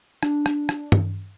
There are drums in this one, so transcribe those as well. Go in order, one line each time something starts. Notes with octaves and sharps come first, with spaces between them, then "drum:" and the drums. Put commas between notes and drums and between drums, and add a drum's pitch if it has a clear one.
D4, drum: rim click
drum: rim click
drum: rim click
drum: tom G2